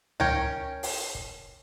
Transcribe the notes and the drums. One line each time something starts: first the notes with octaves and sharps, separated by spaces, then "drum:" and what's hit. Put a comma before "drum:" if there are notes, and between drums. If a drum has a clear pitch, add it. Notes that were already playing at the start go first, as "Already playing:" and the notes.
C#4 A#4 C#5 G5, drum: tom C#2
drum: open hi-hat
drum: kick